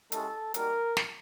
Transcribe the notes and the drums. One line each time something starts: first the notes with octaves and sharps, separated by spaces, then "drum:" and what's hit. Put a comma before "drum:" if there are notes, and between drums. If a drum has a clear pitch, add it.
G#3 C#4 E4 G4 A4, drum: hi-hat
G3 A#3 D#4 F#4 A#4, drum: hi-hat
drum: snare